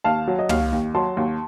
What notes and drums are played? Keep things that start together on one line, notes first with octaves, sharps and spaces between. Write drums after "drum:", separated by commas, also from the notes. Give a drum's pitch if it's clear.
D#2 F5 A5
F#3
D#5
D#2 F5, drum: tom
D#2
F#3 A5 C6
D#2